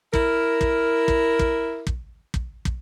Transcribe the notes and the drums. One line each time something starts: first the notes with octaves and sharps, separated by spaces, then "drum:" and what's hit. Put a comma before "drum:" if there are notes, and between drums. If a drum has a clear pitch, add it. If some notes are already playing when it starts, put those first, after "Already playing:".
E4 A#4, drum: kick
drum: kick
drum: kick
drum: kick
drum: kick
drum: kick
drum: kick